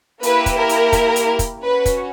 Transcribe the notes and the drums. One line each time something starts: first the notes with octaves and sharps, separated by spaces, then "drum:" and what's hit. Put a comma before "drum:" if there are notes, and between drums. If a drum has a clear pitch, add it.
A#3 E4 G4 B4, drum: hi-hat
drum: kick, hi-hat
A#4
drum: hi-hat
drum: kick, hi-hat
drum: hi-hat
drum: kick, hi-hat
C#4 F#4 B4
drum: kick, hi-hat